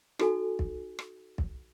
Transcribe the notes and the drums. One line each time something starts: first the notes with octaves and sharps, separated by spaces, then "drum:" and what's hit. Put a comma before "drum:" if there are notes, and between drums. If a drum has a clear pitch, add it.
D#4 F#4 A4 G#5, drum: rim click
drum: kick
drum: rim click
drum: kick